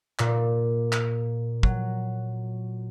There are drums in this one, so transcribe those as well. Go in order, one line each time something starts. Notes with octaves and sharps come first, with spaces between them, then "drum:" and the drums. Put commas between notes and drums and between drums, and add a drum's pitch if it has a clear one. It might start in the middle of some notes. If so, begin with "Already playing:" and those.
A#2, drum: clap
drum: clap
F#3, drum: kick